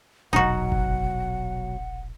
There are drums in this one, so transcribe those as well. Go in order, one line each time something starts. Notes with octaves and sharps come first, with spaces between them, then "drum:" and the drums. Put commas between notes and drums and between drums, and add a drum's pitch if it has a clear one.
E1 A#1 B2 F#3 D#4 F#4 F#5
drum: kick G1